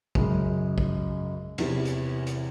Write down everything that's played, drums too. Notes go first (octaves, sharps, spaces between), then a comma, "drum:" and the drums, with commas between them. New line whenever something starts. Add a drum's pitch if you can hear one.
F#2 C#3 G#3, drum: kick
drum: kick
E2 C3 E3, drum: cymbal
drum: hi-hat
drum: hi-hat